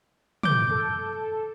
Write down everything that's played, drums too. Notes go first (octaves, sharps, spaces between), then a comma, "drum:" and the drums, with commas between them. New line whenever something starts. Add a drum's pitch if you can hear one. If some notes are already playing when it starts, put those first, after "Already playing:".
D6 G6, drum: tom
A4